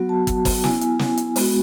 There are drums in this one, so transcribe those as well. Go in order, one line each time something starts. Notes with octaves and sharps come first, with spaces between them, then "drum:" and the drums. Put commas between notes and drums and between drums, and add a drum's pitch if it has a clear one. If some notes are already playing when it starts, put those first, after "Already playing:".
Already playing: F#3 B3 F#4
A5
drum: kick, hi-hat
drum: kick, open hi-hat
B3 E4 G#5, drum: snare
drum: hi-hat
drum: snare
drum: hi-hat
G#3 B3 F#4, drum: open hi-hat